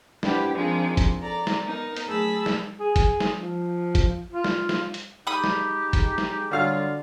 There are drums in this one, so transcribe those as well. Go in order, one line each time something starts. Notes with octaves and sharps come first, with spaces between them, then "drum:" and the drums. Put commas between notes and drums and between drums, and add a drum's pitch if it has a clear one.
D4 E4 G4 B4 C5 F#5, drum: snare
D#3 F3 G#3 C4 D4 F4
drum: kick, hi-hat
A4 D5 A#5
drum: snare
B3 D#4 A#4
drum: hi-hat
F#3 A3 G#4 A5 B5 E6
drum: snare
G#4
drum: kick, hi-hat
drum: snare
F3
drum: kick, hi-hat
F4
drum: snare
drum: snare
drum: hi-hat
G#3 D#4 G4 B5 D#6
drum: snare
drum: kick, hi-hat
drum: snare
D3 F#3 G3 F4 F#4 F5 F6